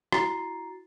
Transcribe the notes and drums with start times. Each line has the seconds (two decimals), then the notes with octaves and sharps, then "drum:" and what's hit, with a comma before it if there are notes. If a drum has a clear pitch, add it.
0.12 E4 F#4 A#5 A6 C7, drum: rim click